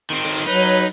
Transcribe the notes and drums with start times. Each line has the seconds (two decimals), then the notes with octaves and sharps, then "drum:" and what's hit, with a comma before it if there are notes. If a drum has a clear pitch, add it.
0.10 D#3 C4
0.24 drum: open hi-hat
0.37 drum: hi-hat
0.47 F#3 D#4 B4 C#5
0.64 drum: hi-hat
0.77 drum: hi-hat